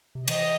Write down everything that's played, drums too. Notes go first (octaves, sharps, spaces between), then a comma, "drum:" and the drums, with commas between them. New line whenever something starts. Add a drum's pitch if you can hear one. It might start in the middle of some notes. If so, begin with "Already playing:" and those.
C3
E3 D#5, drum: cymbal